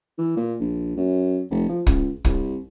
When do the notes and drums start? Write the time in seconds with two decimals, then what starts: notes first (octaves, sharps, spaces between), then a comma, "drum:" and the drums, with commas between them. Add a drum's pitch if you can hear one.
0.18 E3
0.37 A#2
0.60 A#1
0.97 F#2
1.51 F1
1.69 F3
1.87 C#2, drum: kick
2.25 C2, drum: kick